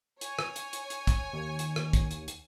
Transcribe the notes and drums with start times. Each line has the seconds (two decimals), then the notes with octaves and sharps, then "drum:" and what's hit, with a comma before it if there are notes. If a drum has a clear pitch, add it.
0.21 C#5 G#5, drum: hi-hat
0.39 drum: rim click
0.56 drum: hi-hat
0.73 drum: hi-hat
0.90 drum: hi-hat
1.07 drum: kick, hi-hat
1.33 D#2
1.59 drum: hi-hat
1.76 drum: rim click
1.93 drum: kick, hi-hat
2.11 drum: hi-hat
2.28 drum: hi-hat